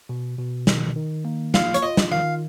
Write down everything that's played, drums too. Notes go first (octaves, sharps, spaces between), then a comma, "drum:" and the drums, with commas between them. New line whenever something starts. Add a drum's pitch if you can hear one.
B2
B2
D#3, drum: snare
D#3
A#3
F4 F5, drum: snare
C#5, drum: hi-hat
F4 D#5
drum: snare
D#3 F5